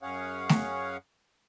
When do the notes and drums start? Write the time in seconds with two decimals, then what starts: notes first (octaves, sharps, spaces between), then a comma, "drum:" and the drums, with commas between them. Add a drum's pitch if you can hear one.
0.02 F#2 C#4 G#4 C#5 F5 F#5
0.49 drum: snare